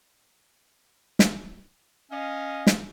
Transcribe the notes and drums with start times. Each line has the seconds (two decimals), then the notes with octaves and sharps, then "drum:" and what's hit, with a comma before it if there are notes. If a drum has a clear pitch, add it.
1.19 drum: snare
2.11 C#4 D#5 F5
2.67 drum: snare